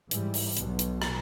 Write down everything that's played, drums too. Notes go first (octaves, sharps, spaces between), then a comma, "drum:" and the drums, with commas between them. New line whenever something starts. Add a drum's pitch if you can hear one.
G#2 E3 G3, drum: hi-hat
drum: open hi-hat
B1 B2, drum: hi-hat
drum: hi-hat
drum: rim click